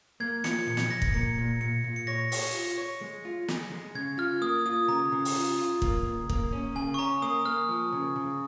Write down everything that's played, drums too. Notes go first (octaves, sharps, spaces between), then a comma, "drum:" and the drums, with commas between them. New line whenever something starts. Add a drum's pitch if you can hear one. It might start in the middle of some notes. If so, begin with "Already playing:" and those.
A#3 G#6
F3 C#7, drum: snare
A#2 C#7
drum: snare
A#2 A#6
drum: kick
A#3 C#7
A#2
A#2 C#7
A#2
C#7
C#5 A#6
C#5, drum: open hi-hat
F4
C#5
G#3
F4
G#4, drum: snare
G#3
C#3 G#6
F4 F6
A#3 D#6
F4 D#6
C#3 A#5
C#3
drum: open hi-hat
F4
F4
A#3, drum: kick
C#2
A#3, drum: kick
C#4
C#3 G#5
C#6
C#4 A#5
A#3 D#6
A#3 F6
F3
C#3
C#3